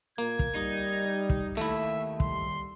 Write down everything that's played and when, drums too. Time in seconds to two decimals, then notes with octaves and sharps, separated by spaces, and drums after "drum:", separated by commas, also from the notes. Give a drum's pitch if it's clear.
0.18 A#2 A#3 G#6
0.39 drum: kick
0.55 G3 D#4
1.30 drum: kick
1.57 D#2 A3 E4 E5
2.20 G3 C6, drum: kick